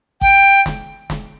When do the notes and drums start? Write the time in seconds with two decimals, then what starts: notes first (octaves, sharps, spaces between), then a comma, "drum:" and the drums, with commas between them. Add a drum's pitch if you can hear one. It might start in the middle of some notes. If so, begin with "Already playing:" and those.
0.21 G5, drum: kick A1
0.66 drum: snare
1.10 drum: snare